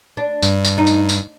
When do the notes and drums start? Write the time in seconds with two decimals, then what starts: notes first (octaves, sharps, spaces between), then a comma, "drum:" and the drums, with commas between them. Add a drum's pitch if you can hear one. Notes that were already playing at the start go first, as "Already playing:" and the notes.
0.17 D4
0.42 G2, drum: tambourine
0.65 drum: tambourine
0.78 D#4
0.87 drum: tambourine
1.09 drum: tambourine